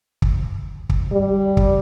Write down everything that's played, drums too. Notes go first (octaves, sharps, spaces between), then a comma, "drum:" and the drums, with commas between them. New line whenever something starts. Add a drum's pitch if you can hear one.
drum: kick
drum: kick
G3
drum: kick